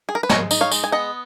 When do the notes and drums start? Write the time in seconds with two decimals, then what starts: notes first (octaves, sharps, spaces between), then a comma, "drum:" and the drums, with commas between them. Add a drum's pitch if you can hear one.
0.09 G#4
0.15 A#4
0.23 B4
0.29 G#3 A#4 C#5, drum: snare
0.51 D#4, drum: tambourine
0.61 C#5 F5
0.72 G#3, drum: tambourine
0.84 G#5
0.92 B3 D#5 F#5